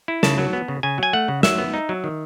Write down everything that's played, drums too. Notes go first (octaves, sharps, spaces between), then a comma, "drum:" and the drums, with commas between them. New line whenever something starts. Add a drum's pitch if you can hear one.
E4
C#3 A5, drum: snare
F#3
B3
C#3
C#3 G#5
F#3 G#5
A3 F#5
C#3
F#3 E5, drum: snare
B3
D#4
F#3
D#3